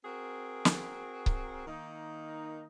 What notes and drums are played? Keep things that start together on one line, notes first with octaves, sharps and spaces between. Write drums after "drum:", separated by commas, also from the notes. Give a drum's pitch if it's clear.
C4 F#4 G#4 A#4
drum: snare
drum: kick C#1
D#3 A#3 D#4